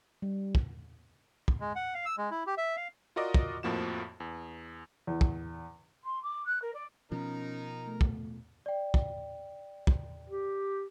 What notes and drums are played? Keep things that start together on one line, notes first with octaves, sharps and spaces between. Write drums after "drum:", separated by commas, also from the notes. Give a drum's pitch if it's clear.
G3
drum: kick
drum: kick
G#3
F#5
F5
E6
G#3
E4
G4
E5
F5
F4 F#4 A#4 D5 D#5 D6
drum: kick
F2 A2 F3 A#3 F#4 E7
E2
E2
drum: kick
C6
D6
F#6
A#4
D5
B2 F3 C#4 D#4 A#4
A3
drum: kick
D5 G5
drum: kick
drum: kick
G4